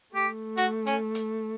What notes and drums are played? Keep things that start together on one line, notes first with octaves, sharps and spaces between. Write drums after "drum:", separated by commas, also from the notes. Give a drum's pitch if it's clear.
A3 G4
F#4, drum: hi-hat
C#4, drum: hi-hat
drum: hi-hat